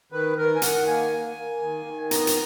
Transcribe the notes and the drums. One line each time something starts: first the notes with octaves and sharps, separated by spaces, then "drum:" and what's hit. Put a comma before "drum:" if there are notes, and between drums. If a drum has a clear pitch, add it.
D#3 B4
D#3 A#4
G#5
D#3 F#5, drum: hi-hat
A#3 G#5
A#3
A#3
D#3
D#3
B3 A#5, drum: hi-hat
drum: hi-hat